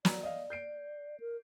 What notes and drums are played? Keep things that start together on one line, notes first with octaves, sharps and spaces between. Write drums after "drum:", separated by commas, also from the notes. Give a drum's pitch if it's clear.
F#3 D5 A#5, drum: snare
D#5 F5
G6 C7 D7
A#4